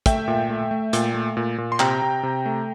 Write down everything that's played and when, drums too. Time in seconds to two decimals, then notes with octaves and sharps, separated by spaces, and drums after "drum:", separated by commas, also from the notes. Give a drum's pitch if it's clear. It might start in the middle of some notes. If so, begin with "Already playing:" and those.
0.06 A3 E5 G5, drum: kick, hi-hat
0.28 A#2
0.50 A3
0.71 A3
0.93 A#2, drum: hi-hat
1.14 A3
1.37 A#2
1.58 A#2
1.72 C6
1.80 C3 G5 A#5, drum: clap
2.02 C3
2.23 C3
2.46 A3